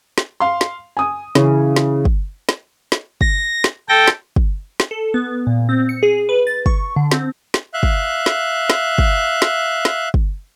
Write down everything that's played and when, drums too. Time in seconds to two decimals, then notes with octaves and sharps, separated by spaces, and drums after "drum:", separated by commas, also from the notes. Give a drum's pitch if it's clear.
0.18 drum: snare
0.40 F5 C6
0.61 drum: snare
0.97 G#5 D#6
1.35 C#3 E3, drum: snare
1.76 drum: snare
2.05 drum: kick
2.49 drum: snare
2.92 drum: snare
3.21 A#6, drum: kick
3.64 drum: snare
3.89 A4 G5 A#6
4.07 drum: snare
4.36 drum: kick
4.80 drum: snare
4.91 A4
5.14 B3
5.47 A#2
5.69 C4
5.89 C#7
6.03 G#4
6.29 B4
6.47 A6
6.66 C#6, drum: kick
6.96 D3
7.11 C4, drum: snare
7.54 drum: snare
7.74 E5 F5 F#6
7.83 drum: kick
8.26 drum: snare
8.70 drum: snare
8.98 drum: kick
9.42 drum: snare
9.85 drum: snare
10.14 drum: kick